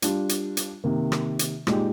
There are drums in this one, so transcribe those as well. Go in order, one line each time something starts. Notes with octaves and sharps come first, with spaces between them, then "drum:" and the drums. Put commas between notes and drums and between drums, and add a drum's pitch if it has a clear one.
G3 D4 F4, drum: hi-hat
drum: hi-hat
drum: hi-hat
C3 D#3 A#3
drum: rim click
drum: hi-hat
A#2 G#3 D#4 G4, drum: rim click